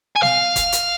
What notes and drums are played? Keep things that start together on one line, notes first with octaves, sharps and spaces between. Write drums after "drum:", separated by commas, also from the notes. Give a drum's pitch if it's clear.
G#5
F5, drum: snare
drum: kick F#1, hi-hat
drum: hi-hat